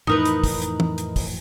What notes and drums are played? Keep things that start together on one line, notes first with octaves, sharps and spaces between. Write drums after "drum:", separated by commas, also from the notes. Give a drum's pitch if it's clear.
F2 A2 E3 D#4 A#4 B4, drum: tom A2
drum: hi-hat
drum: kick, open hi-hat
drum: hi-hat
drum: tom
drum: hi-hat
drum: kick, open hi-hat